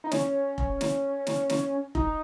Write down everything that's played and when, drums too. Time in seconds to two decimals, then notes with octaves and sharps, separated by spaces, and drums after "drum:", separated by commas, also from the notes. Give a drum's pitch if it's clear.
0.04 D#4
0.11 C#4, drum: snare
0.58 drum: kick F1
0.81 drum: snare
1.27 drum: snare
1.50 drum: snare
1.95 D#4, drum: kick F1